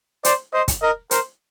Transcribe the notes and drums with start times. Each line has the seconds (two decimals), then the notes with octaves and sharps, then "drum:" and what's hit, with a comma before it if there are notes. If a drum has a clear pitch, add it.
0.25 C5 D5, drum: hi-hat
0.53 C5 D#5
0.68 drum: kick, hi-hat
0.82 A#4 D#5
1.11 A#4 C5, drum: hi-hat